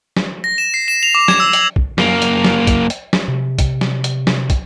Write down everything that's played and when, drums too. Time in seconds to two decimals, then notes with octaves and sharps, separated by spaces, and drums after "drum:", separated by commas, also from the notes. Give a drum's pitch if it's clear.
0.17 drum: snare
0.44 A#6
0.58 E7
0.74 C7
0.88 E7
1.03 F7
1.15 D6
1.28 G#6, drum: snare
1.40 E6
1.53 F#7, drum: hi-hat
1.76 drum: kick
1.98 F#2 A#3, drum: snare
2.22 drum: hi-hat
2.45 drum: snare
2.67 drum: kick, hi-hat
2.90 drum: hi-hat
3.13 drum: snare
3.28 C3
3.59 drum: kick, hi-hat
3.81 drum: snare
4.04 drum: hi-hat
4.27 drum: snare
4.50 drum: kick, hi-hat